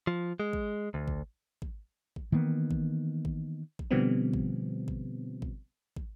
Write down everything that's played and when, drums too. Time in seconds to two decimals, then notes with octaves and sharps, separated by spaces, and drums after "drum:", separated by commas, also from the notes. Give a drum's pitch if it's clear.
0.07 F3
0.40 G#3
0.53 drum: kick
0.94 D2
1.08 drum: kick
1.62 drum: kick
2.16 drum: kick
2.32 D#3 E3 A#3 B3
2.71 drum: kick
3.25 drum: kick
3.79 drum: kick
3.91 B2 D3 F3 G3 B3 C4
4.34 drum: kick
4.88 drum: kick
5.42 drum: kick
5.96 drum: kick